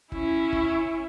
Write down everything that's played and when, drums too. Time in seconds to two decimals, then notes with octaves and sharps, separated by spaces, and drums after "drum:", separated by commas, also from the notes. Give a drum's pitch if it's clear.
0.12 C#4 E4, drum: kick
0.53 drum: kick